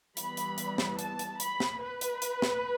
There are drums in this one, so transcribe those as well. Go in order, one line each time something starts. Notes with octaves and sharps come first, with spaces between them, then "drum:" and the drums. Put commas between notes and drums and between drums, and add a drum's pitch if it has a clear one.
E3 G3 B3 B5, drum: hi-hat
drum: hi-hat
drum: hi-hat
drum: snare
A5, drum: hi-hat
drum: hi-hat
B5, drum: hi-hat
drum: snare
B4
drum: hi-hat
drum: hi-hat
drum: snare